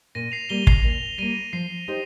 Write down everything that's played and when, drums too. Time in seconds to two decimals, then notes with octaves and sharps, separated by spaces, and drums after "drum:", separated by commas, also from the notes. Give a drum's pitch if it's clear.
0.15 A#2 A#6 D#7
0.32 C7 F7
0.49 G3 A#3 D#7 G7
0.67 C7 F7, drum: kick
0.83 A#2 C7 F7
1.18 G3 A#3 A#6 D#7
1.53 F3 C7
1.88 D#4 G4 C5